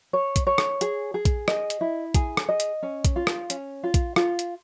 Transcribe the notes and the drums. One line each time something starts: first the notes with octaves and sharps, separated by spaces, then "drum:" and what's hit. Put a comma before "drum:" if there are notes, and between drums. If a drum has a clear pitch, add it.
C#5
drum: kick A#1, hi-hat
C#5
drum: rim click
G#4, drum: hi-hat
G#4
drum: kick A#1, hi-hat
D#5, drum: rim click
drum: hi-hat
E4
G#4, drum: kick A#1, hi-hat
drum: rim click
D#5
drum: hi-hat
C#4
drum: kick A#1, hi-hat
F4
drum: rim click
C#4, drum: hi-hat
F4
drum: kick A#1, hi-hat
F4, drum: rim click
drum: hi-hat